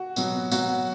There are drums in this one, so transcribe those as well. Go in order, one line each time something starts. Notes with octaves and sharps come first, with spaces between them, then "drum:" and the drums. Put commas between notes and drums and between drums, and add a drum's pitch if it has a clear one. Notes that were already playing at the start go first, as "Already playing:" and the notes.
Already playing: F#4
B2 F#3, drum: tambourine
B2 F#3 F#4, drum: tambourine